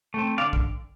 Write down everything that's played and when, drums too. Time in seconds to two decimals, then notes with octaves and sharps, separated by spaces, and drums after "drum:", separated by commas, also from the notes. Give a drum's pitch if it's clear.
0.14 A3 C4
0.37 D3 D5 F5
0.53 drum: kick